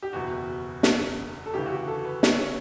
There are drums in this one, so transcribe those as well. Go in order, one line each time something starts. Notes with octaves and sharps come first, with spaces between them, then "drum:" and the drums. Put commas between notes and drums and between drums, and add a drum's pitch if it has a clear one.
G4
F#1 E2 B2 F#4
drum: snare
A4
D2 C#3 E3 G4
F#4
G4
A4
B4
C#5, drum: snare